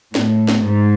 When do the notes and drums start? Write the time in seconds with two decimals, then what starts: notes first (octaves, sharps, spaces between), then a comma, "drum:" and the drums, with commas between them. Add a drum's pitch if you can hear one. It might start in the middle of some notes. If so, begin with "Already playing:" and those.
0.15 A2, drum: snare
0.48 drum: snare
0.65 G#2